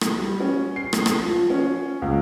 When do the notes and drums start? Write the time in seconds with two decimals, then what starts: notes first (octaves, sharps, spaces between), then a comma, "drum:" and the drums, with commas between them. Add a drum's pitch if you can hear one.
0.01 drum: rim click
0.19 G3
0.40 C#4
0.76 C7
0.93 drum: rim click
1.06 drum: rim click
1.25 F3
1.50 C#4
2.02 C#2